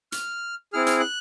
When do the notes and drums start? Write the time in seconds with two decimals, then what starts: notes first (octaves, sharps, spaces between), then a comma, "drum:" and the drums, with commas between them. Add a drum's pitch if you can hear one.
0.12 F6, drum: hi-hat
0.73 C4 E4 G#4 F6
0.86 F6, drum: hi-hat
1.00 F#6